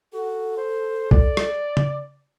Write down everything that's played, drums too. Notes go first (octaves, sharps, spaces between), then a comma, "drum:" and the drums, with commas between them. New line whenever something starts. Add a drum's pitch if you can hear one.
F#4 A4
C5
D5, drum: kick C2
drum: rim click
drum: tom